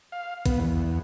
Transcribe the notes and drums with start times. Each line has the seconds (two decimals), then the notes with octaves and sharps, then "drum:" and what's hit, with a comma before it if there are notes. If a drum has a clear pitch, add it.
0.12 F5
0.46 B3, drum: kick, hi-hat
0.60 E2